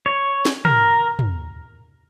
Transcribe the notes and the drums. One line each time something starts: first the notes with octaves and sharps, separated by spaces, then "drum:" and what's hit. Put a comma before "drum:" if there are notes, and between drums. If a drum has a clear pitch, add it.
C#5
drum: snare
A#4, drum: tom
drum: tom